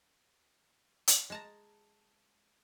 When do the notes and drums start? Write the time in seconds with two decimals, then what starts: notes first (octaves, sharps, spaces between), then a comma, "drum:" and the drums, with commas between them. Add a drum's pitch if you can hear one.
1.08 drum: hi-hat
1.30 G#3 A5 A#5